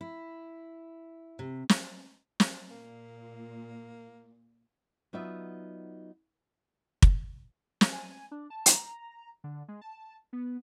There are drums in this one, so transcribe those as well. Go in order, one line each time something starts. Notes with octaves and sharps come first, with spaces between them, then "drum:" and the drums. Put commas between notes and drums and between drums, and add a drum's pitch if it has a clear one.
E4
C3
drum: snare
drum: snare
A#2 A#3
F#3 B3 D#4 F4 D5 E5
drum: kick
drum: snare
G#5
D4
A5
A#5, drum: hi-hat
D3
G#3
A5
B3